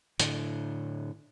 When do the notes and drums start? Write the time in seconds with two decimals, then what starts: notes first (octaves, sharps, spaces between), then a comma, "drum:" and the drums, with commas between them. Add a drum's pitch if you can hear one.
0.20 A2 D3, drum: hi-hat